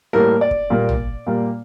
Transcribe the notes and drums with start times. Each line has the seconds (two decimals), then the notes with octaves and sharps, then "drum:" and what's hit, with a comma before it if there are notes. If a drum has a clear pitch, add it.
0.13 A2 G3 A#3 A#4
0.41 D5
0.51 drum: kick
0.70 A#2 G3 A#3
0.89 drum: tom A1
1.27 A#2 G3 A#3